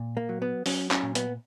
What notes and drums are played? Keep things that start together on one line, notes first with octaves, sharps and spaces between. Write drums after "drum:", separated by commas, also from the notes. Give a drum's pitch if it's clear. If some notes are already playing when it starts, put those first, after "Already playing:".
Already playing: A#2
A#3
F#3
B3
F#3 C#4, drum: open hi-hat
C#4, drum: clap
A#2
B3, drum: hi-hat